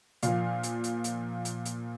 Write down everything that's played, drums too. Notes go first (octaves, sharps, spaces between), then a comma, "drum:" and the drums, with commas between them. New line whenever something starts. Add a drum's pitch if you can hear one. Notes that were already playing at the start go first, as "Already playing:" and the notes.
A#2 F3 A#3 F5, drum: hi-hat
drum: hi-hat
drum: hi-hat
drum: hi-hat
drum: hi-hat
drum: hi-hat